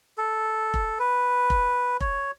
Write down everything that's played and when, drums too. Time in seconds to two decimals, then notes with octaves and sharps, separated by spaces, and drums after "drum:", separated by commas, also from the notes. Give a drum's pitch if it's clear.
0.18 A4
0.74 drum: kick F1
0.99 B4
1.50 drum: kick F1
2.00 C#5, drum: kick F1